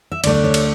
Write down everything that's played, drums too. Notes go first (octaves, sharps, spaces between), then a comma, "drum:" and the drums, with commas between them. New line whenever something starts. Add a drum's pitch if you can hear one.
E5
D2 D3 A3 D4 D5, drum: cymbal
D5
C#5
drum: cymbal